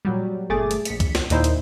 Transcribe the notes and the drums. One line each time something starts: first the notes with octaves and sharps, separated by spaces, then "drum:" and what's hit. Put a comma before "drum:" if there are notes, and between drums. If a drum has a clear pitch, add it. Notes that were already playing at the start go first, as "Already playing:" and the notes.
A#2 F#3 G3
G1 A3 G#4 D6 A6
drum: hi-hat
A#1 B6 C#7, drum: hi-hat
drum: kick C#2, hi-hat
drum: snare
D#2 A#2 D#4 E4 C5, drum: hi-hat
drum: hi-hat